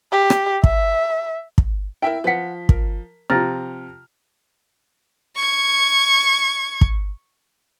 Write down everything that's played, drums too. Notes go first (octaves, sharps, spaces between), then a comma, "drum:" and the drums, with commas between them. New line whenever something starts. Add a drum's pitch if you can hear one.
G4
drum: rim click
E5, drum: kick
drum: kick
E4 A#4 E5 G5
F3 B4 F#5 B6
A#4, drum: kick
C3 F3 A#5 F6 A6 A#6
C#6 G#6
drum: kick